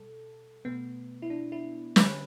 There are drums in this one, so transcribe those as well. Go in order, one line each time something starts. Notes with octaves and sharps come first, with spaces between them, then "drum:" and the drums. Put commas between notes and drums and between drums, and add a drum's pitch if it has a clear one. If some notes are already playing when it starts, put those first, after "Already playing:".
Already playing: B2 G3 A4
B2 A3 B3
E4
D4
E4
D3 G3 B4, drum: snare